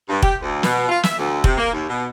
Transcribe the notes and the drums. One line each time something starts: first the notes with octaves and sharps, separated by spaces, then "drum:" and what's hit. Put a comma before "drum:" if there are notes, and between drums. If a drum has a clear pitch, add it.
G2
G4, drum: kick F1
D2
B2, drum: snare
F4
E5, drum: snare
D2
C3, drum: kick F1
A#3
D#2
B2